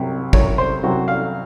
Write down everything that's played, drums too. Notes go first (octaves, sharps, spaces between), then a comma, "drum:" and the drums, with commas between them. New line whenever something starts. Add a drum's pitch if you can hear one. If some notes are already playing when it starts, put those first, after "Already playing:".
Already playing: C2 C3 F#3
C2 C3 F#3 C#5, drum: kick
C5
C2 C3 F#3 F#4
F5